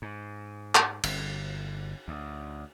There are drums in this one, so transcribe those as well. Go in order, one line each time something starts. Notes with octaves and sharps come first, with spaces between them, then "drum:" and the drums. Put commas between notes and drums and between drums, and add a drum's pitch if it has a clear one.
G#2
drum: clap
G1, drum: cymbal
D2